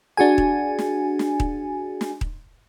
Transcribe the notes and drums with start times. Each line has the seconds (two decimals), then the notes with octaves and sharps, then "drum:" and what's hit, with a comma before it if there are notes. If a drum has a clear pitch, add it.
0.17 D4 F#4 G#4 G#5
0.38 drum: kick D#1
0.79 drum: snare
1.19 drum: snare
1.40 drum: kick D#1
2.01 drum: snare
2.21 drum: kick D#1